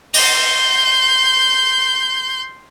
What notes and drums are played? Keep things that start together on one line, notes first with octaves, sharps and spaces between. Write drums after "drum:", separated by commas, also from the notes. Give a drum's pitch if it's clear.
C6 G6, drum: open hi-hat